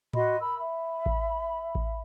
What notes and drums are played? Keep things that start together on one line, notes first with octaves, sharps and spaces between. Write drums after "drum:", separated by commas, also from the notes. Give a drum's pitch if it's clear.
F#4 D#5 B5 C6, drum: tom A2
A#4 B5 E6
E5 B5
drum: kick A1
drum: kick A1